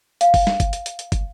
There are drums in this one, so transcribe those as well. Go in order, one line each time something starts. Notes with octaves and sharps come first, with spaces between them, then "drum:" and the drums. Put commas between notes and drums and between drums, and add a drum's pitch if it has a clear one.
F5, drum: hi-hat
drum: kick, open hi-hat
drum: snare
drum: kick, hi-hat
drum: hi-hat
drum: hi-hat
drum: hi-hat
drum: kick, hi-hat